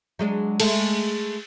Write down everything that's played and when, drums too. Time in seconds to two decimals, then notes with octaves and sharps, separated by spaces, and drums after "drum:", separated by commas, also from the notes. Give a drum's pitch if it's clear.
0.19 F#3 G#3 D4
0.60 G#3 A3 A4, drum: cymbal